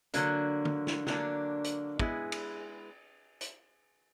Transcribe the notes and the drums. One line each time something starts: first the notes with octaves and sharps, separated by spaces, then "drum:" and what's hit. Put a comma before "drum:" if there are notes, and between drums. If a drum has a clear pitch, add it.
D3 F#3 A#3 D4, drum: hi-hat
drum: tom D3
drum: snare
D3 F#3 A#3 D4, drum: snare
drum: hi-hat
G#3 B3 E4 G#4, drum: kick
drum: cymbal
drum: hi-hat